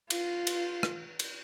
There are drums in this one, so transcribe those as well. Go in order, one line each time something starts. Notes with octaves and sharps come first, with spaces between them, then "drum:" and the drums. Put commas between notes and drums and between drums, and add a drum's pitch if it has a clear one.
F4, drum: cymbal
drum: cymbal
drum: rim click
drum: cymbal